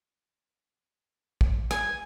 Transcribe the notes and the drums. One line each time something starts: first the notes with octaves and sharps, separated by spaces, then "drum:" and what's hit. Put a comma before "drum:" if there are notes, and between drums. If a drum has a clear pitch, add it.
drum: kick
G#5, drum: rim click